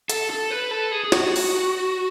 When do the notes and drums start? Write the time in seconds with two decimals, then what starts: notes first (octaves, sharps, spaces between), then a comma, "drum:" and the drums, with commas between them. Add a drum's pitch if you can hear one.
0.09 A4, drum: hi-hat
0.30 A4
0.51 B4
0.71 A4
0.92 G#4
1.04 G#4
1.12 F#4, drum: snare
1.36 drum: open hi-hat